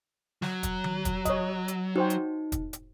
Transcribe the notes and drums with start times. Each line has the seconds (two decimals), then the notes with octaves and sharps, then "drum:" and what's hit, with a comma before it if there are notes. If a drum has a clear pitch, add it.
0.42 F#3, drum: snare
0.63 drum: kick, hi-hat
0.84 drum: tom D#3
1.05 drum: kick, hi-hat
1.25 C#5 D#5, drum: kick, hi-hat
1.68 drum: hi-hat
1.96 D#4 F#4 C5 G5
2.10 drum: hi-hat
2.52 drum: kick, hi-hat
2.73 drum: hi-hat